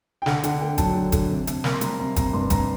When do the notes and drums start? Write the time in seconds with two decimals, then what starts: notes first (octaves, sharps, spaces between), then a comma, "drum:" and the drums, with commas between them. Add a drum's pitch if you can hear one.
0.22 G5
0.26 D3 F#5, drum: snare
0.44 D3 F#5, drum: hi-hat
0.61 A3 G5
0.78 F#3 A5, drum: kick F#1, hi-hat
0.95 D3
1.12 D3, drum: kick F#1, hi-hat
1.30 C3
1.47 C3, drum: hi-hat
1.64 A#3, drum: snare
1.73 C6
1.81 G3 A#5, drum: hi-hat
1.98 C3 A#5
2.16 C3 A#5, drum: kick F#1, hi-hat
2.33 G2 C6
2.50 G2 A#5, drum: kick F#1, hi-hat